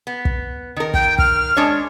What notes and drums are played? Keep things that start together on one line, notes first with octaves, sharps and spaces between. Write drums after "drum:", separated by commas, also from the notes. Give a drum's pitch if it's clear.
B3
drum: kick
D#3 A#4
G5, drum: kick
F6, drum: kick
G#3 D4 C#5